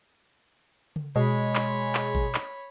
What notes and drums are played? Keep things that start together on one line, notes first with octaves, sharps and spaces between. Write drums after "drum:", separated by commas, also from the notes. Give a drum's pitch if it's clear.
drum: tom C#3
B2 G#3 C#5 B5
drum: clap
drum: clap
drum: kick G#1
drum: clap